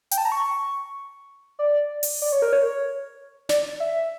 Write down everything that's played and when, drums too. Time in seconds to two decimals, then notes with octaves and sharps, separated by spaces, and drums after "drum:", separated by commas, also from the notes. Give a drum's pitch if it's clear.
0.11 G5, drum: hi-hat
0.18 A5
0.25 A#5
0.32 C#6
1.59 D5
2.03 drum: open hi-hat
2.22 D5
2.32 C#5
2.42 A#4
2.53 C#5
3.49 D5, drum: snare
3.80 E5